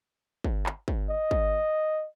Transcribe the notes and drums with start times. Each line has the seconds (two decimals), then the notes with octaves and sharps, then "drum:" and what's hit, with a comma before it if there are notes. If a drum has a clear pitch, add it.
0.44 drum: kick
0.66 drum: clap
0.88 drum: kick
1.09 D#5
1.31 drum: kick